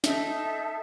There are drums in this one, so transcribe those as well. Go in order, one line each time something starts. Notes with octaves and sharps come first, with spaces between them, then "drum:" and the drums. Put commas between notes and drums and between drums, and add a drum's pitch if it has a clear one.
D#4 A4 E5, drum: snare